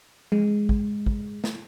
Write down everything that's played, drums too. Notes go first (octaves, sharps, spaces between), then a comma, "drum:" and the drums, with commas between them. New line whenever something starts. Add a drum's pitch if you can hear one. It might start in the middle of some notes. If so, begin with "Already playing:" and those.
G#3, drum: tom F3
drum: kick
drum: kick
drum: snare